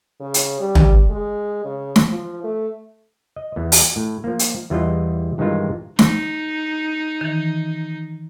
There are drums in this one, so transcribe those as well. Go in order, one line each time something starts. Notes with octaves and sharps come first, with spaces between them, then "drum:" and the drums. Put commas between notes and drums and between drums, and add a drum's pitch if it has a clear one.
C#3
drum: hi-hat
G3
drum: tom
G#3
C#3
drum: snare
F3
A3
D#5
E2 B3
drum: open hi-hat
A2
F3 A#3
drum: hi-hat
E2 E3 G3 F4 G#4 D#5
G2 D#3 E3 G#3 D#4 F4
D#4, drum: snare
D#3 E3